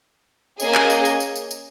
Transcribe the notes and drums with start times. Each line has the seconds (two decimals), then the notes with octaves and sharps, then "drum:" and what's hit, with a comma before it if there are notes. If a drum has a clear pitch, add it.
0.60 A#3 C#4 G#4 D#5 G#5, drum: tambourine
0.75 drum: clap
0.90 drum: tambourine
1.05 drum: tambourine
1.20 drum: tambourine
1.35 drum: tambourine
1.51 drum: tambourine